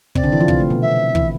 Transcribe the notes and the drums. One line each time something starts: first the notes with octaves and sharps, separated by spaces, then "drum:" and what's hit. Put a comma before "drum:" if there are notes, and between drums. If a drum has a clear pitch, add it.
C3 C4 D5, drum: kick
D3 D4
E3 E4
F3 F4
C3 C4, drum: kick
A3
B2 B3
E5
E3 E4, drum: kick